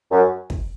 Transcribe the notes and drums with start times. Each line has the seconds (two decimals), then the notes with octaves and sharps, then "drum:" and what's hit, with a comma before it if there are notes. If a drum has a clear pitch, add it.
0.11 F#2
0.50 drum: kick